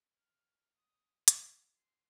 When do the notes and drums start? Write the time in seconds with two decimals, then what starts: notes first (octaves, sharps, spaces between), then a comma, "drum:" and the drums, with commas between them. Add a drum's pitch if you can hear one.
0.19 F6
0.76 D#6
1.28 B5, drum: hi-hat
1.74 C6